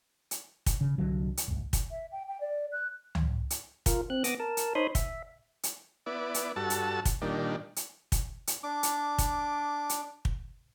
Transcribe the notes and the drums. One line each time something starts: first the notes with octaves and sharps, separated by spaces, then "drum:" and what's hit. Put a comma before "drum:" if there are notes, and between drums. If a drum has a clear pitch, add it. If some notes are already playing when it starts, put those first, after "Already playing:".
drum: hi-hat
drum: kick, hi-hat
C#3
C2 D3 F#3
drum: hi-hat
D1 G1 C#2
drum: kick, hi-hat
E5
G5
G5
D5
F#6
drum: tom C#2
drum: hi-hat
F4 A#4, drum: kick, hi-hat
C4 F#6
B3 D6 D#6 A#6, drum: hi-hat
A#4 A5
drum: hi-hat
D#4 C5 C#5 B5 C6 D#6
E5, drum: kick, hi-hat
drum: hi-hat
B3 E4 D5
drum: hi-hat
G2 F#4 A4 A5 E6
drum: hi-hat
drum: kick, hi-hat
A#2 D#3 G3 D4
drum: hi-hat
drum: kick, hi-hat
drum: hi-hat
D4 D6
drum: hi-hat
drum: kick, hi-hat
drum: hi-hat
drum: kick